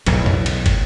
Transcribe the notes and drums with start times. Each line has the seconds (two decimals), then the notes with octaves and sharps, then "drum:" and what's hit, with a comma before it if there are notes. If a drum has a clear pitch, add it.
0.06 B1 E2 A2, drum: cymbal
0.26 drum: tom F2
0.46 drum: cymbal
0.66 drum: kick, cymbal